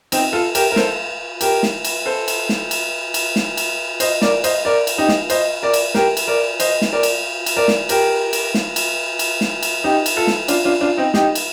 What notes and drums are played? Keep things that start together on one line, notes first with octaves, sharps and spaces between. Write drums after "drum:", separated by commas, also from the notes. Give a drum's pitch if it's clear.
C4 D#4, drum: cymbal
F4 A4
G4 A#4, drum: cymbal
A#4
A4 C5, drum: snare
G4 A#4, drum: cymbal
drum: snare
drum: cymbal
A4 C5
drum: cymbal
drum: snare
drum: cymbal
drum: cymbal
drum: snare
drum: cymbal
C5 D#5, drum: cymbal
A#4 D5, drum: snare
C5 D#5, drum: cymbal
A#4 D5
drum: cymbal
D#4 G4
drum: snare
C5 D#5, drum: cymbal
A#4 D5
drum: cymbal
G4 A#4, drum: snare
drum: cymbal
A#4 D5
C5 D#5, drum: cymbal
drum: snare
A#4 D5
drum: cymbal
drum: cymbal
A#4 D5
drum: snare
G4 A#4, drum: cymbal
drum: cymbal
drum: snare
drum: cymbal
drum: cymbal
drum: snare
drum: cymbal
D#4 G4
drum: cymbal
F4 A4
drum: snare
D4 F4, drum: cymbal
D4 F4
D4 F4
C4 D#4
D#4 G4, drum: snare
drum: cymbal